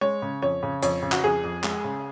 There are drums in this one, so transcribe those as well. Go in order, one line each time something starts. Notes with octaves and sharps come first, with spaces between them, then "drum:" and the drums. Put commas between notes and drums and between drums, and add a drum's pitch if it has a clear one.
G#3 C#5
C#3
F2 C#5
C#3
F2 C#5, drum: hi-hat
C#3
F#4, drum: clap
F2 G#4
F2
G#3, drum: clap
C#3